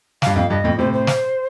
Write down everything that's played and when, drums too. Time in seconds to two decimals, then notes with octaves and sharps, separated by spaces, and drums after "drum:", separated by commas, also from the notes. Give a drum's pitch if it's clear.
0.22 G2 F5, drum: snare
0.36 F2 F5
0.50 G2 D#5
0.64 F2 A2
0.78 A2 C3 C5
0.93 C5
1.07 drum: snare